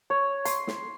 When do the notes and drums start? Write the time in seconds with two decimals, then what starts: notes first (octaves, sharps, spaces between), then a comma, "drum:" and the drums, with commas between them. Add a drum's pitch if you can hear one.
0.10 C#5
0.45 C6, drum: hi-hat
0.67 drum: snare